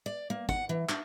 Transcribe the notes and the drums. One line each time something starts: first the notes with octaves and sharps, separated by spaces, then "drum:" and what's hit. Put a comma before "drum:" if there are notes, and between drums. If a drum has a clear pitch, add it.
D5
A#3
F#5, drum: kick
E3
D4, drum: clap